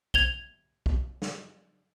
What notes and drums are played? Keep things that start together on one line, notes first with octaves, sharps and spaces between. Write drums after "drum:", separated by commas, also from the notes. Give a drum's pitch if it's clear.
G#6 F7 G7, drum: kick B1
drum: kick B1
drum: snare